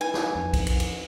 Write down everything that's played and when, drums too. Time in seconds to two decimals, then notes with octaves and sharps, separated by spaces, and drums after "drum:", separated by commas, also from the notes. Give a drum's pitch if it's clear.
0.01 D#4 E4 B4 G#5
0.14 drum: snare
0.36 F2
0.53 drum: kick B1, cymbal
0.67 drum: cymbal
0.80 drum: cymbal